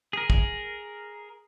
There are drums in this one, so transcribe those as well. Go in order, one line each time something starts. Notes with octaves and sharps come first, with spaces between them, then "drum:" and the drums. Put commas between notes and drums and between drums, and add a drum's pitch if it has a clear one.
G#4 A#4
drum: kick